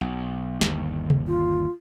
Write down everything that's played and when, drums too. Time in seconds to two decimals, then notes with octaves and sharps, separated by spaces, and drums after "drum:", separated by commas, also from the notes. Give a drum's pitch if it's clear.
0.01 B1
0.61 G1 D#2, drum: snare
1.10 drum: tom C3
1.27 F4